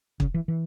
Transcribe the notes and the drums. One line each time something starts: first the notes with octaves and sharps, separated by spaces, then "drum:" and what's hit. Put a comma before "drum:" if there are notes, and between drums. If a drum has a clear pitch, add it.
C#3, drum: kick
E3
E3